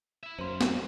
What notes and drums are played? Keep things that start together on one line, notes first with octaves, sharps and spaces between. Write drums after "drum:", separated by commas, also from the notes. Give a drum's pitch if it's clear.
E4 E5
F#2 A#3 D#4 C5 C6
A#3 D4, drum: snare